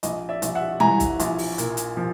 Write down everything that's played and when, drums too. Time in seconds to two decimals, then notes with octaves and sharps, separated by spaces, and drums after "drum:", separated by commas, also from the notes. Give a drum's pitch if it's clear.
0.03 A#1 D#5, drum: hi-hat
0.29 D5 E5
0.42 A#1, drum: hi-hat
0.55 E5 F#5
0.80 E3 G#5 A#5, drum: tom G3
1.00 drum: kick B1, hi-hat
1.20 A#1, drum: hi-hat
1.38 drum: open hi-hat
1.58 A#2, drum: hi-hat
1.77 drum: hi-hat
1.97 F3